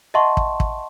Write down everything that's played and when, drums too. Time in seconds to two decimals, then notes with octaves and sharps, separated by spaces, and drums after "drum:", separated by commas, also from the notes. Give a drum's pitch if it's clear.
0.14 D#5 E5 F#5 A5 C6 C#6
0.37 drum: kick
0.60 drum: kick